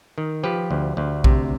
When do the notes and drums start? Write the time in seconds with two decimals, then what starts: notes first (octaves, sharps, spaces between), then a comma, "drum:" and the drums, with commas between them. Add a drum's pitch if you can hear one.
0.18 D#3
0.43 F3 G4 B4
0.71 D2
0.97 D2
1.24 C3, drum: kick A#1